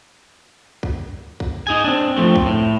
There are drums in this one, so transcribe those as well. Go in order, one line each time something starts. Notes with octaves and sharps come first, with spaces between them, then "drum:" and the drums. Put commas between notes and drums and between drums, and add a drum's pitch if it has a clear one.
drum: kick
drum: kick
D#4 G#4 G#5
C4 D4
F3 A3 C4
drum: kick
A2